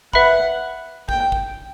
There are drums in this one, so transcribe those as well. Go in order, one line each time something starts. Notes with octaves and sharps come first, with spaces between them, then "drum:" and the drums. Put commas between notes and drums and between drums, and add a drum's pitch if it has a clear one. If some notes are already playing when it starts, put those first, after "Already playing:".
B4 E5 F#5 B5, drum: kick
G5, drum: kick
drum: kick